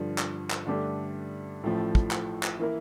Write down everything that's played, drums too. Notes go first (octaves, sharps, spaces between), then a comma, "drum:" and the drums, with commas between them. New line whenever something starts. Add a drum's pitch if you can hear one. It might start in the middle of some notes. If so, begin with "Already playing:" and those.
Already playing: G2 D3 F3
drum: clap
drum: clap
G2 D3 A3 D4 G4
A1 A2 F3 A3
drum: kick
drum: clap
drum: clap
E3 A#3 E4 A#4